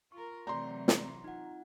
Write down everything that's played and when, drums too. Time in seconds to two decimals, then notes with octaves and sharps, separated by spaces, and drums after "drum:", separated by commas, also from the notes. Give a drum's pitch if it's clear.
0.12 F4 A#4 C#6
0.47 C3 E3 F#3 A3 D5 A#5 C6 G6
0.88 drum: snare
1.24 D#4 F4 F#5